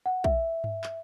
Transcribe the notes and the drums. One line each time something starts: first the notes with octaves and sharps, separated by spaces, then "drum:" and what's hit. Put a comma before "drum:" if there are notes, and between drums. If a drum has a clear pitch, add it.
F#5
E5, drum: kick
drum: tom G2
drum: clap